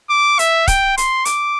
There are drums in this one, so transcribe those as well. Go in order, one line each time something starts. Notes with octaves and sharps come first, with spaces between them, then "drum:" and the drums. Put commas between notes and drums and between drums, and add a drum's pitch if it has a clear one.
D6
E5, drum: hi-hat
G5, drum: kick C#1, hi-hat
C6, drum: hi-hat
D6, drum: hi-hat